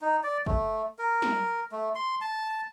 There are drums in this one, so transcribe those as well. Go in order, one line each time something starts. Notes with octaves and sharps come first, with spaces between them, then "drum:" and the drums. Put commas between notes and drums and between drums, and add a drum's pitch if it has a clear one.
D#4
D5
A3, drum: kick
A#4
drum: snare
A3
C6
A5